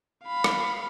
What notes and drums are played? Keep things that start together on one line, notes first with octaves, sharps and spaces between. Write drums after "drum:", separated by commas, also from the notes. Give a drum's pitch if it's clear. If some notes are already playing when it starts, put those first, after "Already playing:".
F5 B5
drum: rim click